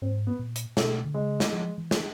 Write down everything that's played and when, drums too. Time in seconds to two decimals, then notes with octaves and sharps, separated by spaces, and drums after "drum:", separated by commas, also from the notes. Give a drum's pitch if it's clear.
0.02 G#2 C4
0.27 B3
0.39 A#2
0.56 drum: hi-hat
0.77 B2 A3, drum: snare
1.05 D3
1.14 C#3 G#3
1.40 drum: snare
1.53 F3
1.78 E3
1.91 drum: snare